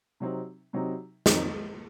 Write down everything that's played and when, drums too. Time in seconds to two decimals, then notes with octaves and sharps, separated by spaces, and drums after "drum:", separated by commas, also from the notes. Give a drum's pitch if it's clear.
0.20 C3 F#3 C4 D#4
0.73 C3 F#3 C4 D#4
1.26 F2 D#3 F#3 C4 D#4, drum: snare